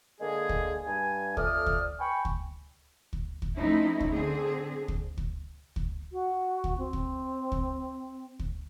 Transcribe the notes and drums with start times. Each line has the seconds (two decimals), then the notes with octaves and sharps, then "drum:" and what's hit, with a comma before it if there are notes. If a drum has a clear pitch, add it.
0.20 D3 G#3 A#3 G#4
0.49 drum: kick
0.86 G2 G#5
1.37 F2 A3 D5 F5 D#6 F6, drum: kick
1.66 drum: kick
1.99 G5 G#5 B5 C#6
2.25 drum: kick
3.13 drum: kick
3.42 drum: kick
3.57 F3 A3 C4 C#4 D#4 E4
4.00 drum: kick
4.11 D3 C4 G#4
4.88 drum: kick
5.18 drum: kick
5.76 drum: kick
6.13 F#4
6.64 drum: kick
6.78 C4
6.93 drum: kick
7.52 drum: kick
8.39 drum: kick